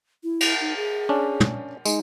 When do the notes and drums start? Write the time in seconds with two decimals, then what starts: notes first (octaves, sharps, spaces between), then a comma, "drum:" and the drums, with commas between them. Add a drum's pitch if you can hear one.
0.23 E4
0.40 drum: cymbal
0.60 D#4
0.76 G#4
1.09 C#4 D4
1.40 drum: tom
1.85 G#3 D#4, drum: tambourine